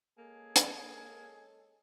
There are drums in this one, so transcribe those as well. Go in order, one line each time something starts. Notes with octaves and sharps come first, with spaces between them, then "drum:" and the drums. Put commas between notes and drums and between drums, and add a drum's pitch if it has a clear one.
G#3 A#3 C#4 G#4 A4
drum: hi-hat